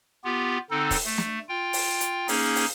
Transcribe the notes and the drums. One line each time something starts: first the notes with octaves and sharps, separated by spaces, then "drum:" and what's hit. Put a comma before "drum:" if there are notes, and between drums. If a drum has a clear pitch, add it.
B3 F4 G4
D3 C4 D#4 A4
drum: kick, open hi-hat
A3
drum: snare
F4 G5
drum: open hi-hat
drum: hi-hat
A#3 C#4 D#4 G#4, drum: open hi-hat
drum: open hi-hat